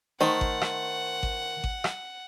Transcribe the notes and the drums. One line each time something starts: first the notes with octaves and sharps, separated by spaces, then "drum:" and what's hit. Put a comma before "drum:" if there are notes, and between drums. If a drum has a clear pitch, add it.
D#3 A3 C5 F#5
drum: kick G#1
drum: rim click
drum: kick G#1
drum: kick G#1
drum: rim click